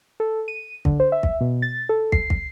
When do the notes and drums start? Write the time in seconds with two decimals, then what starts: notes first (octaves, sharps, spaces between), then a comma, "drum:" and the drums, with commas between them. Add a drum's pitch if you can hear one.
0.20 A4
0.48 D#7
0.85 D3, drum: kick
1.00 C5
1.12 E5
1.23 drum: kick
1.41 B2
1.62 A6
1.89 A4
2.12 C7, drum: kick
2.30 drum: kick